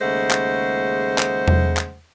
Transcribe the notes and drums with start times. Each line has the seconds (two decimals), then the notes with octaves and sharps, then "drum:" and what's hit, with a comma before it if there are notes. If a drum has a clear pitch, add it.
0.01 D#2 C#3 G#3 A3 C5 F#5
0.31 drum: clap
1.18 drum: clap
1.48 drum: tom E2
1.77 drum: clap